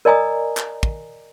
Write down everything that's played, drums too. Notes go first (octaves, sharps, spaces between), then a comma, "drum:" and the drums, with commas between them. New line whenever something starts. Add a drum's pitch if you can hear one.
A#4 D5 D#5 G#5 A#5 D#6
drum: clap
drum: kick